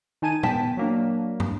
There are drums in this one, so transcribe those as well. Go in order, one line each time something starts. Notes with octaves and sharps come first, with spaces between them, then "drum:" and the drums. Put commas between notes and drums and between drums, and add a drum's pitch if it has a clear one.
D#3 D#4 G#5 A5 G#6 D#7
B3 G5 A5 B6, drum: tom
F#3 A#3 D4
drum: tom